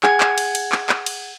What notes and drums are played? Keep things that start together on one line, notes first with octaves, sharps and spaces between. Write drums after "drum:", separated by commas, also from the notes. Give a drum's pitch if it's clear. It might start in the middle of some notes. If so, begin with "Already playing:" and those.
G#4 F#5 G#6, drum: clap
drum: clap
drum: cymbal
drum: cymbal
drum: clap
drum: clap
drum: cymbal